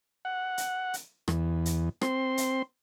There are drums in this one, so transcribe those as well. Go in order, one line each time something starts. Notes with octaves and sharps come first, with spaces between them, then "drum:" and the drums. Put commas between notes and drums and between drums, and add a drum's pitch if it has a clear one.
F#5
drum: hi-hat
drum: hi-hat
E2, drum: rim click
drum: hi-hat
C4 C6, drum: rim click
drum: hi-hat